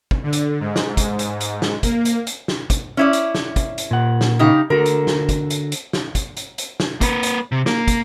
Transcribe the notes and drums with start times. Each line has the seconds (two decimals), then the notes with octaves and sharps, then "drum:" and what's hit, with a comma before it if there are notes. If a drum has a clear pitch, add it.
0.11 drum: kick
0.23 D3
0.33 drum: hi-hat
0.60 G#2
0.76 drum: snare
0.97 drum: kick, hi-hat
1.19 drum: hi-hat
1.40 drum: hi-hat
1.62 drum: snare
1.83 A#3, drum: kick, hi-hat
2.05 drum: hi-hat
2.27 drum: hi-hat
2.48 drum: snare
2.70 drum: kick, hi-hat
2.97 C#4 E4 D5
3.13 drum: hi-hat
3.35 drum: snare
3.56 drum: kick, hi-hat
3.78 drum: hi-hat
3.91 A#2 F#5
4.21 drum: snare
4.39 C#3 D#4 G4
4.70 D3 F#4 A4 A#4
4.86 drum: hi-hat
5.07 drum: snare
5.29 drum: kick, hi-hat
5.50 drum: hi-hat
5.72 drum: hi-hat
5.93 drum: snare
6.15 drum: kick, hi-hat
6.37 drum: hi-hat
6.58 drum: hi-hat
6.80 drum: snare
7.01 A#3 B4, drum: kick, hi-hat
7.23 drum: hi-hat
7.52 C3
7.66 A#3, drum: snare
7.88 drum: kick, hi-hat